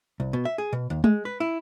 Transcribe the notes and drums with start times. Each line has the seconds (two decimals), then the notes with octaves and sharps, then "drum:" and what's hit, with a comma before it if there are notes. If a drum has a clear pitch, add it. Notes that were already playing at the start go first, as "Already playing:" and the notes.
0.20 C2
0.33 B2
0.45 E5
0.58 G#4
0.73 B2
0.90 D#2
1.04 G#3, drum: tom G#3
1.25 B4
1.40 E4